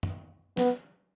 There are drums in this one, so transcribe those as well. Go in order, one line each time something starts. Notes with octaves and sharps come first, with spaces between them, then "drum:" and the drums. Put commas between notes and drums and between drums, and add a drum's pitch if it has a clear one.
drum: tom
B3, drum: snare